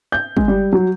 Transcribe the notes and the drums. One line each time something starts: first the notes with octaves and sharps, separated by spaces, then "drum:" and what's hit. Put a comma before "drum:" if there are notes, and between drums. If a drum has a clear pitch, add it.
G6
G#3, drum: kick
G3
F#3